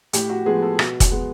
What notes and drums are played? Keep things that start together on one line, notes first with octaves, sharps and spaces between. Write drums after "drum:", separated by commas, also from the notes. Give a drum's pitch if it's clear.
A2 G4, drum: hi-hat
F#4
F3 G#3 B3 G#4
A4
B2, drum: rim click
drum: kick, hi-hat
G#3 B3